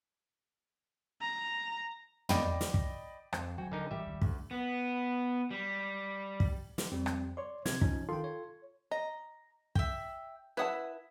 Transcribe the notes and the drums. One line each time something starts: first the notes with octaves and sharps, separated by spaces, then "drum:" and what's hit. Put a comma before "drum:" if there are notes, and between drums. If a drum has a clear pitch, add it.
A#5
D5 D#5 G5 B5, drum: tom
drum: snare
drum: kick
F2 C5, drum: rim click
D#1 F#3 F#4 G5 G#5
D3 D#4 A#4
A1 A#2 E3 G3 G4 E5
E1 D#2
D2 G2 D3, drum: kick
B3
G3
drum: kick
drum: snare
F2 G3 C4
drum: rim click
C#5 D5 C6
C3 G#6, drum: snare
F3 C#4 D#4, drum: kick
D#3 F4 A4 G5 C6
C#5
D#5 A#5
E5 G5, drum: kick
E4 B4 F#5 A5 D#6